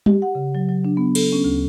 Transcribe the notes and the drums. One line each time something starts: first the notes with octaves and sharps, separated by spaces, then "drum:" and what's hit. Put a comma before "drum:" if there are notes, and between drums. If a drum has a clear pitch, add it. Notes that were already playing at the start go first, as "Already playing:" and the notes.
G4, drum: tom G3
F#5
C#3
F#3
F#3
D4
B3
A4, drum: cymbal
C#4
D2